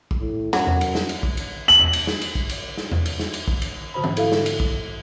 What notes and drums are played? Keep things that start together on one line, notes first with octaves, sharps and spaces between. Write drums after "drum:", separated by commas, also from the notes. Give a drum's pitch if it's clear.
drum: kick
A2
F#2 F#3, drum: snare
drum: tom E2
drum: cymbal
drum: snare
drum: cymbal
drum: kick
drum: cymbal
F#7
drum: tom E2
drum: cymbal
drum: snare
drum: cymbal
drum: kick
drum: cymbal
drum: snare
drum: tom E2
drum: cymbal
drum: snare
drum: cymbal
drum: kick
drum: cymbal
G#2 D3 F#4 C5 B5
drum: tom E3
E4 A4 E5 F5, drum: cymbal
drum: snare
drum: cymbal
drum: kick